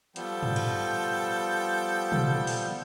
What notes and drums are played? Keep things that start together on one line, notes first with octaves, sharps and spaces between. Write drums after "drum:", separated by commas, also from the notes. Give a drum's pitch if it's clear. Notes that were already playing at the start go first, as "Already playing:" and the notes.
F3 G3 B3 A4 G5, drum: hi-hat
drum: tom
drum: cymbal
drum: tom
drum: open hi-hat